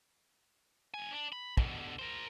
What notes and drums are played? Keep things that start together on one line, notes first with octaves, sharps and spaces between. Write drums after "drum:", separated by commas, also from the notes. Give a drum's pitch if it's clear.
G2 G#5
D4
B5
B2 D3, drum: kick
A#4 C5